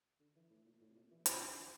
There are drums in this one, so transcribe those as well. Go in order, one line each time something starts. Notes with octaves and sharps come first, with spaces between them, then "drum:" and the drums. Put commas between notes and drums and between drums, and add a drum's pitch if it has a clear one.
D3
E3
A2
A#2
A2
C3
A#2
E3
D3, drum: hi-hat
F3
D3
E3